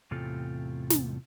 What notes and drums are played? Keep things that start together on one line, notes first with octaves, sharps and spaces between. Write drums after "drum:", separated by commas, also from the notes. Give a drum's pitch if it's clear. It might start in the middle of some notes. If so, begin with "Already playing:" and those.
E2 A2 C3 C4 F4 A4
drum: snare